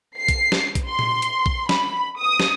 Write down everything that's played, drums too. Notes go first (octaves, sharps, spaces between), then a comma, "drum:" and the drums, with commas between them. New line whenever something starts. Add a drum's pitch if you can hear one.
C7
drum: kick A#1, hi-hat
drum: snare
drum: kick A#1, hi-hat
C6
drum: tom A#2
drum: hi-hat
drum: kick A#1
B5, drum: snare
D#6
drum: snare